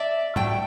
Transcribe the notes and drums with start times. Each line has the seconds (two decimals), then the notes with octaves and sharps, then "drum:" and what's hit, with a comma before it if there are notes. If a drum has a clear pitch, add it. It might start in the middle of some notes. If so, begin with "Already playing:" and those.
Already playing: D5 E5
0.36 F#3 A3 G5, drum: tom